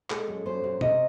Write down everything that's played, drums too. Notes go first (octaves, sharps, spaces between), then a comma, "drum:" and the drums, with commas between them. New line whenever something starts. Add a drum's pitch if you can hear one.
G#3 A4, drum: clap
F#2
F#2 C5
F#2
C3 D#5, drum: tom